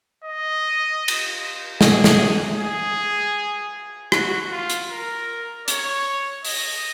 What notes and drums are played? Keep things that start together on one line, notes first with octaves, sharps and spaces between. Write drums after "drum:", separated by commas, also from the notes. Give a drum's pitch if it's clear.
D#5
drum: cymbal
G#4, drum: snare
drum: snare
G#4
F#4, drum: rim click
F4
drum: hi-hat
A#4
C#5, drum: hi-hat
D#5, drum: open hi-hat